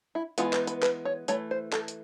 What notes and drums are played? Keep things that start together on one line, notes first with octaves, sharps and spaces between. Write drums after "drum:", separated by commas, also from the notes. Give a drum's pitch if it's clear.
E4
E3 G#3 B3 F4, drum: hi-hat
B4, drum: clap
B4, drum: hi-hat
B4, drum: clap
C#5
E3 A3 C#5, drum: hi-hat
C5
A4, drum: clap
drum: hi-hat